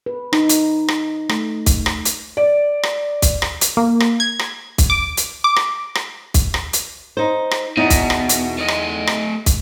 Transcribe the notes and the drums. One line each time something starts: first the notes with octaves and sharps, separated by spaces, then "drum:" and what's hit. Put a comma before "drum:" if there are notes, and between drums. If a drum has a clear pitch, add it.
B4
D#4, drum: rim click
drum: hi-hat
drum: rim click
A3, drum: rim click
drum: kick, hi-hat
drum: rim click
drum: hi-hat
D5
drum: rim click
drum: kick, hi-hat
drum: rim click
drum: hi-hat
A#3
drum: rim click
G#6
drum: rim click
drum: kick, hi-hat
D6
drum: hi-hat
D6
drum: rim click
drum: rim click
drum: kick, hi-hat
drum: rim click
drum: hi-hat
D#4 C5
drum: rim click
E2 B2 D#4
drum: kick, hi-hat
drum: rim click
drum: hi-hat
A3 D#5
drum: rim click
drum: rim click
drum: kick, hi-hat